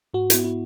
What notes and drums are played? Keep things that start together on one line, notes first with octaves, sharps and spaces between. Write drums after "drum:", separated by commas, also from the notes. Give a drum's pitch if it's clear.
G#2 F#4
B3 E4, drum: hi-hat
E4